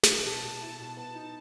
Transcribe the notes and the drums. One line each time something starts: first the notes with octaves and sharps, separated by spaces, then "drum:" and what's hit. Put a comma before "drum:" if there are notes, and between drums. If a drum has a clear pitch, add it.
drum: snare
B2 A5
B2
E4
B2
B3 A5
D#4